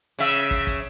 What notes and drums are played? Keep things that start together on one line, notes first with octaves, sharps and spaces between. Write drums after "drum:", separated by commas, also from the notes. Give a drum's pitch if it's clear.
C#3 E5, drum: hi-hat
drum: kick, hi-hat
drum: kick, hi-hat